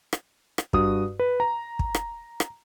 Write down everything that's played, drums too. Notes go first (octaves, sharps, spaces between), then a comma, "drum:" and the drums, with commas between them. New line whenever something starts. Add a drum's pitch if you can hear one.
drum: rim click
drum: rim click
G2 F#4 D#6, drum: kick
B4
A#5
drum: kick
drum: rim click
drum: rim click